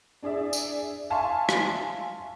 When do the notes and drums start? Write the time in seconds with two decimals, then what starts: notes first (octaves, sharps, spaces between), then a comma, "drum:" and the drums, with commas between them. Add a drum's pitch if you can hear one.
0.23 D4 G#4 D5 E5
0.53 drum: tambourine
1.10 E5 F5 G#5 A5 C6 C#6
1.49 drum: rim click